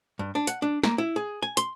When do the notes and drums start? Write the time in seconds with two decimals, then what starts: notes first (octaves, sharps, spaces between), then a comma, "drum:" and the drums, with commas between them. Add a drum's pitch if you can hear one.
0.19 G2
0.35 D4
0.47 F#5, drum: hi-hat
0.62 D4
0.84 A#3, drum: snare
0.98 E4
1.16 G#4
1.42 G#5
1.57 C6, drum: hi-hat